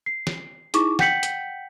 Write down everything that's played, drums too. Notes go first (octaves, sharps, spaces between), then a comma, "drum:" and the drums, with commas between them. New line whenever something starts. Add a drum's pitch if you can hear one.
C7
drum: snare
D#4 E4 G#4 C#6 D6, drum: hi-hat
F#5 G5 G6 B6 C#7 F#7, drum: snare
drum: hi-hat